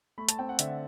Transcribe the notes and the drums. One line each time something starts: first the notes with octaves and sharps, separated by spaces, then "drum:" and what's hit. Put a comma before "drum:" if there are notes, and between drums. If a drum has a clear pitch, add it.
A3 B5
A5, drum: hi-hat
C4 G5
F#5
D3 E5, drum: hi-hat